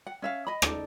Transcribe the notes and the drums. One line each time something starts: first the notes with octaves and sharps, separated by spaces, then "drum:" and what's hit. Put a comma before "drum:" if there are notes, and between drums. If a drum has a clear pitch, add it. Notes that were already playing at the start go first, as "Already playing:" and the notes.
F#5
C#4 E5 F5
D#5 B5
D#4 A4 D5, drum: rim click